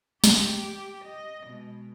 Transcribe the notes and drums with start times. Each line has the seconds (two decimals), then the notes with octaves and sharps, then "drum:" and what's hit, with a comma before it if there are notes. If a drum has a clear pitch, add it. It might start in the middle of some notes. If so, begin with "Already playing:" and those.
0.24 G4, drum: snare
1.05 D#5
1.44 B2 G#3